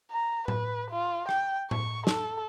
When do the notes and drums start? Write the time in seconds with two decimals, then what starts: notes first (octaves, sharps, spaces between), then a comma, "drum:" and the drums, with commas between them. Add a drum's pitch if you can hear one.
0.11 A#5
0.48 B4, drum: tom A2
0.91 F4
1.29 G5, drum: rim click
1.71 C#6, drum: tom A2
2.07 A4, drum: snare